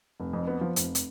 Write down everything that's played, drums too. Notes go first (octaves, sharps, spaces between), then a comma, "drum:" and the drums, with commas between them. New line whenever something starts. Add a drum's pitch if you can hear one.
F1
F2
B3
F3
F1, drum: hi-hat
drum: hi-hat